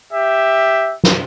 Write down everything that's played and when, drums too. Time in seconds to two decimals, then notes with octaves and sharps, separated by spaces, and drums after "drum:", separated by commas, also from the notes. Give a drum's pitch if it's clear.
0.12 G4 E5
1.04 drum: snare